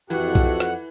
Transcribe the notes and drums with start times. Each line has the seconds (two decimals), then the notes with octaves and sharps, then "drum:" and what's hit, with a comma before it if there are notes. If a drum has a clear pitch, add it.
0.10 F2 E3 E4 F#4 G4 A4 F#5, drum: tambourine
0.35 drum: kick B1, tambourine
0.60 drum: rim click